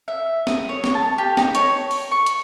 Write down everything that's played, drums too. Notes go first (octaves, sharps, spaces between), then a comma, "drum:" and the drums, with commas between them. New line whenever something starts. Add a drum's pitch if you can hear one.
E5
D#6, drum: snare
C#5
drum: snare
A5
G4
D#4, drum: snare
C#5, drum: hi-hat
drum: open hi-hat
C#6
drum: hi-hat